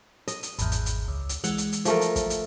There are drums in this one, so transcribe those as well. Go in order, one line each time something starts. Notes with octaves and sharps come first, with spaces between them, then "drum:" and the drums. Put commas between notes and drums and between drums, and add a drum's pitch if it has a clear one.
D#5, drum: hi-hat
drum: hi-hat
G#1 E2, drum: hi-hat
drum: hi-hat
drum: hi-hat
C#2
drum: hi-hat
E3 G#3 F#5, drum: hi-hat
drum: hi-hat
drum: hi-hat
F3 A3 A#4, drum: hi-hat
drum: hi-hat
drum: kick, hi-hat
drum: hi-hat